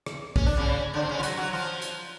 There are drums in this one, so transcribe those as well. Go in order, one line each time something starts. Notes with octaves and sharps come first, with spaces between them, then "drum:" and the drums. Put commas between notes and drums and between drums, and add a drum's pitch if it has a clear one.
drum: rim click
C#4, drum: kick A#1
D4
C#3 C#4
D3 D4
C4
C#3 C#4
F4
F#3 F#4, drum: hi-hat
F#3 F#4
F3 F4
drum: hi-hat